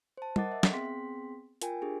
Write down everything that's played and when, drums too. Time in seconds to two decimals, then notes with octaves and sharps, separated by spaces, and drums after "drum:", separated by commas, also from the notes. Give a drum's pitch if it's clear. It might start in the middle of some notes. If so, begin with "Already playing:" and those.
0.18 C5 A5
0.36 A#4 D#5 F#5 D6 A6, drum: tom
0.52 E5
0.63 drum: snare
0.72 B3 C4 G#4 G5 C6 B6
1.62 F4 A#4 G5 G#5, drum: hi-hat
1.82 D4 G4 G#4